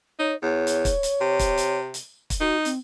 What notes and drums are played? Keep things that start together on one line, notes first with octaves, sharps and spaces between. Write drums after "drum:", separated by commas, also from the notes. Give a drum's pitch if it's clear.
D#4 C#5
E2 C#5
drum: hi-hat
drum: kick, hi-hat
drum: hi-hat
C3
drum: kick, hi-hat
drum: hi-hat
drum: hi-hat
drum: kick, hi-hat
D#4 F#4
C4, drum: hi-hat